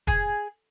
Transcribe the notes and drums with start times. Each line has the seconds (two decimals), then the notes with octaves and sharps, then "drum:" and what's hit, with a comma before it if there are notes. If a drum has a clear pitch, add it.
0.07 G#4, drum: kick, hi-hat